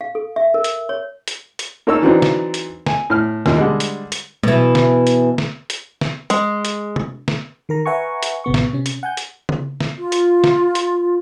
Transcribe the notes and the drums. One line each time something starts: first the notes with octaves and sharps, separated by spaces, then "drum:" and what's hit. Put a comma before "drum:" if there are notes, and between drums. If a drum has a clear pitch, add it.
F5
A4
E5
A#4
drum: hi-hat
C#5
drum: hi-hat
drum: hi-hat
A#3 D#4 A4 C#5 E6
E3 F#3 C4 D4 D#4
drum: snare
drum: hi-hat
G#5, drum: snare
A2 F6
D#2 A#2, drum: snare
D3 G3 G#3
drum: hi-hat
drum: hi-hat
B2 E3, drum: tom F#3
drum: snare
drum: hi-hat
drum: snare
drum: hi-hat
drum: snare
G#3, drum: hi-hat
drum: hi-hat
drum: tom C3
drum: snare
D#3 A#4 A#5
B4 E5 F#5 G#5 A#5 C#6
drum: hi-hat
A1 C3 B3 C#6
drum: snare
C3 C#4
drum: hi-hat
F#5 G#5 G6
drum: hi-hat
drum: tom C#3
drum: snare
F4
drum: hi-hat
drum: snare
drum: hi-hat